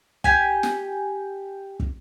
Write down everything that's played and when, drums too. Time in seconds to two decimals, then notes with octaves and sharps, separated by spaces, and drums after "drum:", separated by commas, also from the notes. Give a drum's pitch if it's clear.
0.24 G4 G#5, drum: kick
0.63 drum: snare
1.80 drum: kick